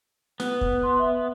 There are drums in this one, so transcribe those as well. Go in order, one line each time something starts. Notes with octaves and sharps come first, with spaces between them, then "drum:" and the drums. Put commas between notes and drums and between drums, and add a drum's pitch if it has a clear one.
B3, drum: snare
drum: kick
C6
E5